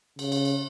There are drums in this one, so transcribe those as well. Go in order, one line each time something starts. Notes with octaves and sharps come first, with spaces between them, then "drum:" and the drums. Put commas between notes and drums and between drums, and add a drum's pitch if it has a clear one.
C#3, drum: cymbal
drum: cymbal
drum: cymbal